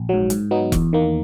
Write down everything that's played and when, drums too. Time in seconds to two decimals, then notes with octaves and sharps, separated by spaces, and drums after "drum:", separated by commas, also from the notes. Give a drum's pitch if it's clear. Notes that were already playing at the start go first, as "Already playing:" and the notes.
Already playing: A#1
0.09 G#2 F#3
0.30 G#2, drum: hi-hat
0.51 F#3 B3 D#4
0.72 E2, drum: kick E1, hi-hat
0.93 D#3 A#3